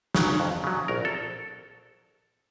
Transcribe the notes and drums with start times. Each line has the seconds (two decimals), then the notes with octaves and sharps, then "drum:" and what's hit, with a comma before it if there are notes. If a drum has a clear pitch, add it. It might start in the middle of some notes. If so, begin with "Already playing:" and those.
0.15 C#3 F#3, drum: snare
0.40 F2
0.64 C#3 F#3
0.88 A#1 A#4
1.05 A4